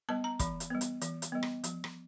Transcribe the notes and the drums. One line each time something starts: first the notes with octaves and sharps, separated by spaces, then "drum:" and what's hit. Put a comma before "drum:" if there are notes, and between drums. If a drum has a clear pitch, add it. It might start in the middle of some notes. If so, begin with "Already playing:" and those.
G3 B3 A5
A#5
E3 B5, drum: kick, hi-hat
drum: hi-hat
G3 B3
drum: hi-hat
E3, drum: hi-hat
drum: hi-hat
G3 B3
drum: rim click
F3, drum: hi-hat
drum: rim click